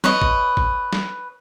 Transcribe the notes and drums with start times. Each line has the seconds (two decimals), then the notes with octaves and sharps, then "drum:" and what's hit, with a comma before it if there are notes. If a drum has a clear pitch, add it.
0.04 B4 C#5 D#5, drum: snare
0.22 drum: kick G1
0.57 drum: kick G1
0.93 drum: snare